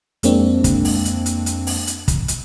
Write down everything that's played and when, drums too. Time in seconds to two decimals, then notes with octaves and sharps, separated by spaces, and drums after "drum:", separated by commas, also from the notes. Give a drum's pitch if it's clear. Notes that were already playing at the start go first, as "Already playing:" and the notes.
0.23 F2 G#3 A#3 C4 D4, drum: hi-hat
0.64 drum: kick, hi-hat
0.85 drum: open hi-hat
1.05 drum: hi-hat
1.26 drum: hi-hat
1.46 drum: hi-hat
1.67 drum: open hi-hat
1.87 drum: hi-hat
2.08 drum: kick, hi-hat
2.28 drum: hi-hat